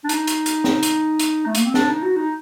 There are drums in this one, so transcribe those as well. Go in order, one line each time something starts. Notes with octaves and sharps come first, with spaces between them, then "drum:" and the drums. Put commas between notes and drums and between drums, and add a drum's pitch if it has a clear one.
D4
D#4, drum: hi-hat
drum: hi-hat
drum: hi-hat
drum: snare
drum: hi-hat
drum: hi-hat
A3
A#3, drum: hi-hat
C4
D4, drum: snare
D#4
F#4
D#4